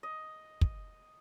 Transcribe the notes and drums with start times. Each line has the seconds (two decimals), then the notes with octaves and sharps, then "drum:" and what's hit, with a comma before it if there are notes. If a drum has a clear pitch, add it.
0.03 D#5
0.61 drum: kick